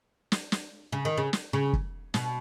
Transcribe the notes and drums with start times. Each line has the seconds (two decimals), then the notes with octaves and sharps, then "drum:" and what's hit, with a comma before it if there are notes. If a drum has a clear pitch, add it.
0.32 drum: snare
0.52 drum: snare
0.92 C#3
1.05 D#3
1.18 C#3
1.33 drum: snare
1.53 C#3
1.73 drum: kick
2.14 B2, drum: snare